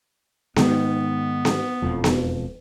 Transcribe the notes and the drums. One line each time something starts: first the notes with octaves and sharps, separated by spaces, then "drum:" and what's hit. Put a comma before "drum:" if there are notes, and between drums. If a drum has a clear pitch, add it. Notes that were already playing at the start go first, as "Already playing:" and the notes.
G#2 D#3 B3, drum: snare B3
drum: snare B3
E1 F2 F3
drum: snare B3